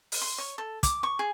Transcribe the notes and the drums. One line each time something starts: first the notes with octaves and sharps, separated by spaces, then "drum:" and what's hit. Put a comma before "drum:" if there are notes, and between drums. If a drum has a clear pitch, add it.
drum: open hi-hat
C6
C#5
A4
D6, drum: kick, hi-hat
C#6
G#4